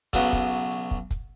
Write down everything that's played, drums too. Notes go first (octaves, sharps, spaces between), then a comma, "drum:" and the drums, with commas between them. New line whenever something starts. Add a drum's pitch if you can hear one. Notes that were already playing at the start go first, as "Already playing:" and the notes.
B1 C#3 F#3 B3, drum: kick
drum: kick, hi-hat
drum: hi-hat
drum: kick
drum: kick, hi-hat